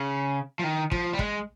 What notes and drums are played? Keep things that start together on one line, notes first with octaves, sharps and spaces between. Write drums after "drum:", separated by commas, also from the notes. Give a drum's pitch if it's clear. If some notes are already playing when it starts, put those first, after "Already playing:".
Already playing: C#3
F3
D#3
F3, drum: kick
G3
G#3, drum: kick